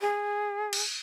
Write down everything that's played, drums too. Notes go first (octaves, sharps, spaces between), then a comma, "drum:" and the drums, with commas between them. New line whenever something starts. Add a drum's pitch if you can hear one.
G#4
drum: cymbal